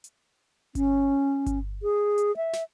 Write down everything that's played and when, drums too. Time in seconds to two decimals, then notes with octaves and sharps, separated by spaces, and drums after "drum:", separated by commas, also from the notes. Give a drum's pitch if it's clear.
0.04 drum: hi-hat
0.75 C#4, drum: kick G1, hi-hat
1.46 drum: kick G1, hi-hat
1.83 G#4
2.18 drum: hi-hat
2.37 E5
2.53 drum: snare